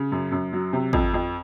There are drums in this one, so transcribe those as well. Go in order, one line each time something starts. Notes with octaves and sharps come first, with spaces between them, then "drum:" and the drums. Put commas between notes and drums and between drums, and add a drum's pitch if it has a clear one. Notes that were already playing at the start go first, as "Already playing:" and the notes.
Already playing: C#3
F#2
F#2
F#3
C3
F2, drum: kick
F2